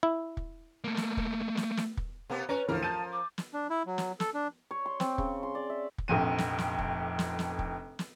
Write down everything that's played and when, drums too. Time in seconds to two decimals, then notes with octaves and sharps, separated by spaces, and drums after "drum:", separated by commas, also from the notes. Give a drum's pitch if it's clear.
0.03 E4
0.37 drum: kick
0.84 A3 A#3
0.97 drum: snare
1.17 drum: kick
1.57 drum: snare
1.77 drum: snare
1.97 drum: kick
2.30 B2 A#3 B3
2.49 C#4 B4 C#5 A#5
2.69 D2 E3 F3 A#4 F6
2.83 A5 G6 A6 D#7
3.12 D6
3.38 drum: snare
3.54 D4
3.70 E4
3.86 F#3
3.98 drum: snare
4.20 A4, drum: snare
4.34 D4
4.71 C#5
4.86 C6
5.00 C4, drum: snare
5.18 C#3, drum: kick
5.43 C6
5.55 D5
5.70 E5
5.98 drum: kick
6.08 F1 A#1 F2 D#7
6.38 drum: snare
6.59 drum: snare
6.79 drum: kick
7.19 drum: snare
7.39 drum: snare
7.59 drum: kick
7.99 drum: snare